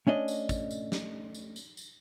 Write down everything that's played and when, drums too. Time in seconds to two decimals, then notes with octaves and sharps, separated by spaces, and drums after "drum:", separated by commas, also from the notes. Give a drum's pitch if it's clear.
0.07 A3 C#4 D4 D#5
0.28 drum: tambourine
0.49 drum: kick, tambourine
0.71 drum: tambourine
0.92 drum: snare
1.35 drum: tambourine
1.56 drum: tambourine
1.77 drum: tambourine